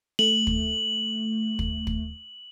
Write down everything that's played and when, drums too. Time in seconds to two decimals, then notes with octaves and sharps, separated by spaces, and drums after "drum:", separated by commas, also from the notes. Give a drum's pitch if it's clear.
0.19 A3 F#7
0.47 drum: kick
1.59 drum: kick
1.87 drum: kick